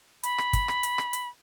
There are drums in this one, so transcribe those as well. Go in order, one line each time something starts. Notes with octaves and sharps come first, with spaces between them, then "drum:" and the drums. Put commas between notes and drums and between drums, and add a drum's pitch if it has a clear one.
B5, drum: hi-hat
drum: rim click
drum: kick, hi-hat
drum: rim click
drum: hi-hat
drum: rim click
drum: hi-hat